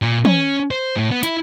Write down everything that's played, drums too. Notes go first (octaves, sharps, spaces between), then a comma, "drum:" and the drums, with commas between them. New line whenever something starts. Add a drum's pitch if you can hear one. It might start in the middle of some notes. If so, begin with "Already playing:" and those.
A#2
C#4, drum: tom
C5
A2
B3
E4, drum: hi-hat